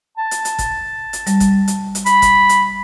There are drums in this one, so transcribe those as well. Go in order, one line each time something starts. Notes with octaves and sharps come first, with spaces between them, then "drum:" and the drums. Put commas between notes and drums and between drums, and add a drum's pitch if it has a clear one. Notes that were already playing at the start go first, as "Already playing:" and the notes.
A5
drum: hi-hat
drum: hi-hat
drum: kick, hi-hat
drum: hi-hat
G3, drum: hi-hat
drum: kick, hi-hat
drum: hi-hat
drum: hi-hat
B5, drum: hi-hat
drum: kick, hi-hat
drum: hi-hat